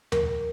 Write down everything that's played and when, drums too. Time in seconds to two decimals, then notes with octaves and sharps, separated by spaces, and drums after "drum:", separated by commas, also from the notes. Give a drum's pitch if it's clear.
0.12 A#4, drum: tom D#2